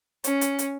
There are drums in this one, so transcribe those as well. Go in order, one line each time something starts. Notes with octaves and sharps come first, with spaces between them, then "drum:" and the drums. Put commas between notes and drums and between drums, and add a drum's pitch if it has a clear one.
C#4, drum: hi-hat
drum: hi-hat
drum: hi-hat